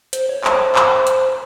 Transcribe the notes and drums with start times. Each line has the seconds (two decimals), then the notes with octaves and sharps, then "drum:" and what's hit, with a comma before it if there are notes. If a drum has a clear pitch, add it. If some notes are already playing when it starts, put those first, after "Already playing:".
0.13 C5, drum: hi-hat
0.29 C#5
0.44 C5, drum: clap
0.75 drum: clap
1.07 drum: hi-hat